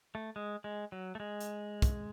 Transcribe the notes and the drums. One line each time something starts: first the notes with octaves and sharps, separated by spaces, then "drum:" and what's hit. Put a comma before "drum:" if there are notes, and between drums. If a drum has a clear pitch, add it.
A3
G#3
G#3
F#3
A3
G#3
drum: hi-hat
drum: kick, hi-hat